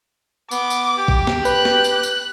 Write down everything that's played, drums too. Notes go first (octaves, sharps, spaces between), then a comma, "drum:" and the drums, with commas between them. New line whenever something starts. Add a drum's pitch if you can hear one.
B3 D6, drum: tambourine
drum: tambourine
G4
drum: kick A#1
drum: snare
B4 F#6, drum: tambourine
drum: snare
drum: tambourine
drum: tambourine